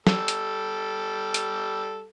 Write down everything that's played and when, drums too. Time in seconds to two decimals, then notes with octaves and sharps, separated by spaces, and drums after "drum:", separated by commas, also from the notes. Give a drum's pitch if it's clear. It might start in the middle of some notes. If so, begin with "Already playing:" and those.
0.07 G3 A4, drum: snare
0.28 drum: hi-hat
1.34 drum: hi-hat